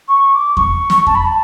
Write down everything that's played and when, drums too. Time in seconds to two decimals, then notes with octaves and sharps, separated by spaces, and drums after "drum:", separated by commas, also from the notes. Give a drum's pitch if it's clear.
0.08 C#6
0.34 D6
0.57 C#6, drum: kick E2
0.90 drum: snare
1.07 A5, drum: kick E2
1.15 B5
1.25 A5